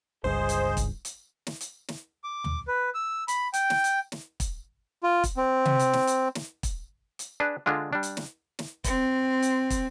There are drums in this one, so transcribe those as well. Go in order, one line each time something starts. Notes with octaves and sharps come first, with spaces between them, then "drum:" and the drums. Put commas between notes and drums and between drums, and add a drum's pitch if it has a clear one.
G1 C#2 G2 G#4 C5 D#5
drum: hi-hat
drum: kick, hi-hat
drum: hi-hat
drum: snare
drum: hi-hat
drum: snare
D6
drum: tom
B4
E6
B5, drum: hi-hat
G5, drum: hi-hat
drum: snare
drum: hi-hat
drum: snare
drum: kick, hi-hat
F4
drum: kick, hi-hat
C4
drum: tom C3
drum: hi-hat
drum: snare
drum: hi-hat
drum: snare
drum: kick, hi-hat
drum: hi-hat
D4 G#4 B4
D3 G#3 D4 F4
G3 D4
drum: hi-hat
drum: snare
drum: snare
C4, drum: kick, hi-hat
drum: hi-hat
drum: kick, hi-hat